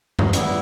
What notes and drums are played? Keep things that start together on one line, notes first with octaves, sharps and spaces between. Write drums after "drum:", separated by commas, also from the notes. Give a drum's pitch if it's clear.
G2, drum: tom F2
G3 B3 E4, drum: hi-hat